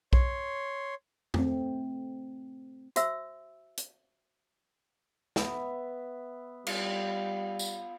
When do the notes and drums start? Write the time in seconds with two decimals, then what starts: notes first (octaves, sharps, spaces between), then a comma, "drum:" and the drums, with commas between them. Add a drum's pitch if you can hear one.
0.13 C#5 C6, drum: kick B1
1.34 A3 C4, drum: tom F2
2.96 F#4 C5 E5 E6, drum: hi-hat
3.77 drum: hi-hat
5.36 B3 E5, drum: snare
6.66 G3 F4, drum: cymbal
7.59 drum: tambourine